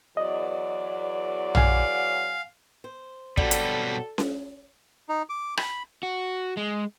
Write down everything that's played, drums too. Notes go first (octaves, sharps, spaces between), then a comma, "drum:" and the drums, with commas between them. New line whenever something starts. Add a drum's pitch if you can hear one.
E2 F#3 D5 D#5
F5 F#5 G#5, drum: tom
C5
B2 F#3 G3 C4 D4 A4 D5, drum: kick
drum: hi-hat
drum: snare C#4
D#4
D6
B5, drum: rim click
F#4
G#3